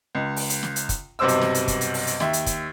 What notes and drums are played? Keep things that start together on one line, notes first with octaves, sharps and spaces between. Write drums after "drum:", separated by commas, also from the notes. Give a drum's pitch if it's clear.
C#2
drum: open hi-hat
drum: hi-hat
drum: snare
drum: hi-hat
drum: kick, hi-hat
B1 G2 C3 C5 D6 E6
drum: hi-hat
drum: snare
drum: hi-hat
drum: kick, hi-hat
drum: hi-hat
drum: open hi-hat
drum: hi-hat
D#2 E5, drum: snare
drum: hi-hat
drum: kick, hi-hat